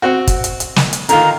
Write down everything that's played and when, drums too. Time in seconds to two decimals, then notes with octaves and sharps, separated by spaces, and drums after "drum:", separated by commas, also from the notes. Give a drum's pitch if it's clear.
0.02 C4 F#4
0.27 drum: kick, hi-hat
0.44 drum: hi-hat
0.60 drum: hi-hat
0.76 drum: snare
0.93 drum: hi-hat
1.09 D3 D#3 F4 A#5, drum: hi-hat